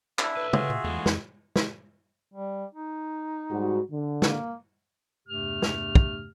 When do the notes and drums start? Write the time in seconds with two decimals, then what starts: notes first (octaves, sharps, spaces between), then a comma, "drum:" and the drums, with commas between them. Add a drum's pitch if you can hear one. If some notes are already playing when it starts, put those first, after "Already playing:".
0.19 D4 E4 E5, drum: clap
0.37 A4 B4
0.53 F4 F#4 G#4, drum: tom
0.70 A#2
0.84 E2 E3 G#3 A3
1.06 F2, drum: snare
1.56 drum: snare
2.34 G3
2.74 D#4
3.52 G#2 G3 F#4
3.91 D3
4.22 A#3, drum: snare
5.28 E2 G2 C3 A3 G4 F6
5.62 drum: snare
5.95 drum: kick